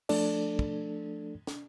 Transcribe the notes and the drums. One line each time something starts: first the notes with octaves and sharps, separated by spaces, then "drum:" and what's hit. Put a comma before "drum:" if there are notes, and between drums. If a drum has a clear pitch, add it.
F3 A3 D4 A4 D5, drum: cymbal
drum: kick
drum: snare